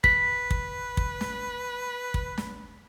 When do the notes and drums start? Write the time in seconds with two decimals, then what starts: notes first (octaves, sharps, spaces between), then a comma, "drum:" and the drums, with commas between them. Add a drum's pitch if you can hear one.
0.04 B4 B6, drum: kick
0.51 drum: kick
0.97 drum: kick
1.21 drum: snare
2.14 drum: kick
2.38 drum: snare